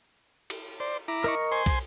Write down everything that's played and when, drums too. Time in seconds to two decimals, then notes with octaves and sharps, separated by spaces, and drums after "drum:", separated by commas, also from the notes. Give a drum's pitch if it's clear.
0.50 drum: cymbal
0.80 C5 D5
1.08 E4 A#5 D6
1.24 A#4 D#5 C#6
1.52 C5 G#5 C6
1.66 drum: kick, cymbal